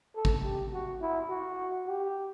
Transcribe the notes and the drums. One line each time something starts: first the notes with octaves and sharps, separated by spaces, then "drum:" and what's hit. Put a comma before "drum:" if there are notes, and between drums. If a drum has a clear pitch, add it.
A4
drum: kick G#1
G4
F#4
E4
F#4
G4